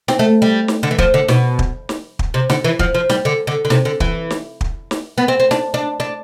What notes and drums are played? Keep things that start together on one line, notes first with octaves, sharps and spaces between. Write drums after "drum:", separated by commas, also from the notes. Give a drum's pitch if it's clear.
C4, drum: snare
A3
G3
drum: snare
D3
E3
F3, drum: kick
D3
B2, drum: snare
drum: kick
drum: snare
drum: kick
C3
D3, drum: snare
E3
F3, drum: kick
F3
G3, drum: snare
D3
D3
D3
C3, drum: snare
D3
E3, drum: kick
drum: snare
drum: kick
drum: snare
B3
C4
C4
D4, drum: snare
D4
D4